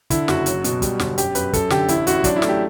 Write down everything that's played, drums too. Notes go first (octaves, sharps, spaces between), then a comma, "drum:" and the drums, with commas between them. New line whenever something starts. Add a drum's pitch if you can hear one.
D3 E4, drum: kick, hi-hat
F#1 F#4, drum: snare
F#3, drum: hi-hat
B2, drum: hi-hat
G3, drum: kick, hi-hat
G1, drum: snare
F#2 G4, drum: hi-hat
F#2 B4, drum: hi-hat
F#2 A4, drum: kick, hi-hat
D3 G4, drum: snare
A1 E4, drum: hi-hat
A1 F#4, drum: hi-hat
F#3 D4, drum: kick, hi-hat
E4
A3, drum: snare
G4